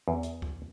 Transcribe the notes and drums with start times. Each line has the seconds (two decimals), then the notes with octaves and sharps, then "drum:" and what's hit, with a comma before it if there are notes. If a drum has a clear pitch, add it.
0.08 E2
0.23 drum: hi-hat
0.42 drum: kick C#2